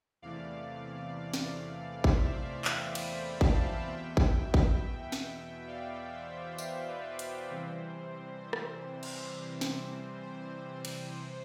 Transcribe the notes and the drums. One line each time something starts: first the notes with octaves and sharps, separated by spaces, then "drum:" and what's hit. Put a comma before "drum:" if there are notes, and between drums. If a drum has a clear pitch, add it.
E2 C3 E3 A3 D5 F5
drum: snare
C5 E5, drum: kick A1
D5 F5
E5 G5, drum: clap
G5 B5, drum: cymbal
F5 A5, drum: kick A1
E2 B2 B3 E5 G5
drum: kick A1
drum: kick A1
drum: snare
D5 F5
C5 E5
C5 E5, drum: tambourine
B4 D5
C5, drum: hi-hat
C3 E3 G3 C4
C5
drum: rim click
drum: cymbal
drum: snare
C5
drum: cymbal
C3